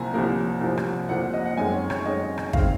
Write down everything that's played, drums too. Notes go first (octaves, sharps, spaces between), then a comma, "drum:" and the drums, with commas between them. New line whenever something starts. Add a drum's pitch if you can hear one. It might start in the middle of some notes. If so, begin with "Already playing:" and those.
Already playing: C2 C3 F3 A#3 G#5 A#5
C2 C3 F3 A#3
C2 C3 F3 A#3
drum: rim click
C2 C3 F3 A#3 F#5
D#5
F#5
F#2 D#3 G#3 C4 G#5
C#5
C#5, drum: rim click
F#2 D#3 G#3 C4 D#5
drum: rim click
D#3 G#3 C4 F5, drum: kick